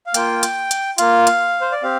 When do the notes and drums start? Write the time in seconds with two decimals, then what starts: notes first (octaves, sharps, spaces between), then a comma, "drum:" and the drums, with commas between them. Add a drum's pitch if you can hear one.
0.06 F5
0.14 A#3 F4 G5, drum: hi-hat
0.43 drum: hi-hat
0.71 drum: hi-hat
0.98 A#3 F4 F5, drum: hi-hat
1.27 drum: hi-hat
1.61 C5
1.72 D5
1.83 C4 G4 F5